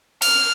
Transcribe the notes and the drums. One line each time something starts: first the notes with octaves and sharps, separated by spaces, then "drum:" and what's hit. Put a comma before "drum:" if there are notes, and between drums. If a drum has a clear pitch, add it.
F6, drum: cymbal